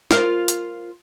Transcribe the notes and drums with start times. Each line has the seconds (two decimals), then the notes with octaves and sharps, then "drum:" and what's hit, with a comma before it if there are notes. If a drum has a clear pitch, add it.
0.11 F4 A#4 C5, drum: snare
0.48 drum: hi-hat